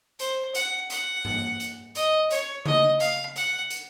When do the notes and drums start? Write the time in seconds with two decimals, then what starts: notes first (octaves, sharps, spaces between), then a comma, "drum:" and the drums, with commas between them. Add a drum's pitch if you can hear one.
0.19 C5, drum: hi-hat
0.55 F#5, drum: hi-hat
0.90 F#5, drum: hi-hat
1.25 drum: tom G#2
1.60 drum: hi-hat
1.95 D#5, drum: hi-hat
2.31 C#5, drum: hi-hat
2.65 D#5, drum: tom C#3
3.00 F5, drum: hi-hat
3.36 F#5, drum: hi-hat
3.70 drum: hi-hat